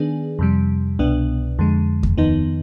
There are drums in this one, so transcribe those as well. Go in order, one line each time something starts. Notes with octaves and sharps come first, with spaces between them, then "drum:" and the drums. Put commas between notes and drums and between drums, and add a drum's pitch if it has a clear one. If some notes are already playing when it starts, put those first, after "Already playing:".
Already playing: D#3 B3 D4 G#4
F2 C3 G3
C2 B2 B3 D4
F2 D3 G#3
drum: kick D#2
F2 D#3 B3 D#4